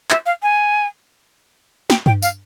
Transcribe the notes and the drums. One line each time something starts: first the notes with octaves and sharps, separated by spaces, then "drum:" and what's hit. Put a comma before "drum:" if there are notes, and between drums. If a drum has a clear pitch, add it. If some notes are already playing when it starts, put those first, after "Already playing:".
E5, drum: clap
F5
G#5
G5, drum: snare
G5, drum: tom G2
F5, drum: tambourine